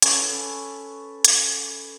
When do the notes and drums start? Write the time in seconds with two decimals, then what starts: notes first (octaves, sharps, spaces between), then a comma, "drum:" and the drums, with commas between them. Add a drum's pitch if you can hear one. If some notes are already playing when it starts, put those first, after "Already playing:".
0.02 C#4 A4 B4 B5, drum: hi-hat
1.25 drum: hi-hat